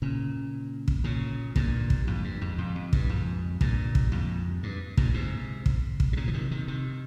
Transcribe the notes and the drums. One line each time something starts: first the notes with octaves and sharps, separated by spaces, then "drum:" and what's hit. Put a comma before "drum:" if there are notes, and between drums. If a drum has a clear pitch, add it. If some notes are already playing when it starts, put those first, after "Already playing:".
A#2 C#3
drum: kick
A#2 C#3
G2 A#2, drum: kick
drum: kick
F2 G#2
G2
F2 G#2
F2 G#2
F2
G2, drum: kick
F2 G#2
G2 A#2, drum: kick
drum: kick
F2 G#2
G2
G2 A#2, drum: kick
G#2 C3
drum: kick
drum: kick
C3
A#2 C#3
F3
C3 D#3
C3 D#3
C3 D#3